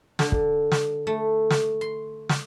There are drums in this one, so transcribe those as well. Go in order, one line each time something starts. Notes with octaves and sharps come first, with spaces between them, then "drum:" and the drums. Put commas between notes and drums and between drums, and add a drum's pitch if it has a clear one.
D3, drum: snare
drum: kick
drum: snare
A3
drum: snare
C6
drum: snare